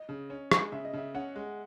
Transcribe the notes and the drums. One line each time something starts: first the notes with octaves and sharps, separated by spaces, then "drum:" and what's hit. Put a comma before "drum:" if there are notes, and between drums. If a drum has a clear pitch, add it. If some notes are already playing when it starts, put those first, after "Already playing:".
Already playing: D#5
C#3
C#4
G#3, drum: rim click
C#3 E5
D#5
C#3 E5
C#4 F#5
G#3